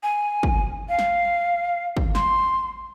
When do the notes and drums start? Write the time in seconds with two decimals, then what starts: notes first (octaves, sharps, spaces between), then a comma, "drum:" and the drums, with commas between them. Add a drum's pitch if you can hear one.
0.03 G#5
0.43 drum: kick
0.89 F5
0.99 drum: snare
1.97 drum: kick
2.15 C6, drum: snare